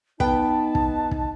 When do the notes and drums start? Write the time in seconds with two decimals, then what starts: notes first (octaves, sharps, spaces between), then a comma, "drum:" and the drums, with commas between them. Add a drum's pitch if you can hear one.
0.20 B3 D#4 B4 G5 A5, drum: kick
0.75 drum: kick
1.11 drum: kick